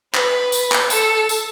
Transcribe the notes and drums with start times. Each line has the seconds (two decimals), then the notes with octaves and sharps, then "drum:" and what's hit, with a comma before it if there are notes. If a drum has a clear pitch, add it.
0.14 B4, drum: clap
0.52 drum: tambourine
0.71 drum: clap
0.90 A4, drum: tambourine
1.29 drum: tambourine